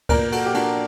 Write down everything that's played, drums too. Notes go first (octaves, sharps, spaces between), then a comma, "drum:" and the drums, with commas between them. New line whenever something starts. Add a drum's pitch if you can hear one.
A#2 A#4 D5, drum: kick C#2, cymbal
F#4 A4, drum: cymbal
G4
A#2 D4 F#4, drum: cymbal